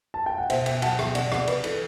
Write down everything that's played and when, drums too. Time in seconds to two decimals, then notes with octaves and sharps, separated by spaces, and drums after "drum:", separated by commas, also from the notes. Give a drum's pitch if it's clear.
0.14 A5
0.26 G5
0.38 F#5
0.50 B2 C5 E5, drum: cymbal
0.66 B2 E5 G5, drum: cymbal
0.82 F#3 F#5 A5, drum: cymbal
0.99 B2 E5 G5, drum: rim click
1.15 C3 D5 F#5, drum: cymbal
1.32 C3 D5 F#5, drum: rim click
1.47 C3 B4, drum: cymbal
1.64 E3 A4, drum: cymbal